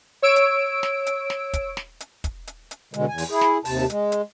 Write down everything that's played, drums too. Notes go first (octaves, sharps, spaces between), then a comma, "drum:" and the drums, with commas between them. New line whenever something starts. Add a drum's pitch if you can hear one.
C#5 E6 D7
drum: hi-hat
drum: snare
drum: hi-hat
drum: snare
drum: kick, hi-hat
drum: snare
drum: hi-hat
drum: kick, hi-hat
drum: hi-hat
drum: hi-hat
B2 D3 G#3, drum: hi-hat
E2 G#5
drum: open hi-hat
E4 G#4
drum: snare
D#2 C3 A5, drum: open hi-hat
G#3, drum: hi-hat
drum: hi-hat